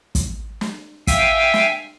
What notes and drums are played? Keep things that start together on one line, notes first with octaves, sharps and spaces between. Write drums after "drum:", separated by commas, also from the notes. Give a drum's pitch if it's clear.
drum: kick, hi-hat
drum: snare
E5 F5 G5 G#5 E6, drum: kick, hi-hat
drum: snare